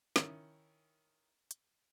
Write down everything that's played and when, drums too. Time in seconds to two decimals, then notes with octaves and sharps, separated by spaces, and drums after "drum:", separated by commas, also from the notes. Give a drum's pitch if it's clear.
0.16 D#3 C#4 E4, drum: snare
1.51 drum: hi-hat